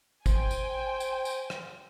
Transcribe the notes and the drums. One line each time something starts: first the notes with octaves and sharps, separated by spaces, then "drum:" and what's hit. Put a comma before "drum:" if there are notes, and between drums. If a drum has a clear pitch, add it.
C5 G5 G#5, drum: kick G#1, tambourine
drum: tambourine
drum: tambourine
drum: tambourine
drum: rim click